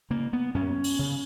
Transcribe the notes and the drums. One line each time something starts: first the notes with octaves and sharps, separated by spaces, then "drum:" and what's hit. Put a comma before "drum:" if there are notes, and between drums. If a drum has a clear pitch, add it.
C#3 A#3
B3
F#2 C#4
drum: open hi-hat
C#3